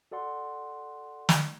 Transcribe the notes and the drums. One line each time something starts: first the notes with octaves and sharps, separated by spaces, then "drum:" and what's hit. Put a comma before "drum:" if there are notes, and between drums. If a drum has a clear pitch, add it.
F#4 A4 D5 F#5 C6
drum: snare